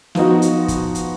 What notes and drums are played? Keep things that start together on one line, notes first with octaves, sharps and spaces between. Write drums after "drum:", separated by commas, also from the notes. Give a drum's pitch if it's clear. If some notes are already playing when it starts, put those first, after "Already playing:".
F3 B3 D#4 F#4, drum: snare
drum: hi-hat
drum: kick, hi-hat
drum: hi-hat